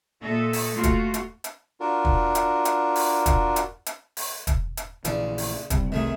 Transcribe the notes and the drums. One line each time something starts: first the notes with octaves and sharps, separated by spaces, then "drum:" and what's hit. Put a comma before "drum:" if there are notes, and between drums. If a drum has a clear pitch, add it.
A#2 A4 D#5 E5
drum: open hi-hat
A3 F4 F#4
drum: kick, hi-hat
drum: hi-hat
drum: hi-hat
D4 F4 F#4 A#4
drum: kick
drum: hi-hat
drum: hi-hat
drum: open hi-hat
drum: kick, hi-hat
drum: hi-hat
drum: hi-hat
drum: open hi-hat
drum: kick, hi-hat
drum: hi-hat
A#1 C#3 E3 D5, drum: hi-hat
drum: open hi-hat
C3 G3, drum: kick, hi-hat
C2 C3 D#3 A3 G#4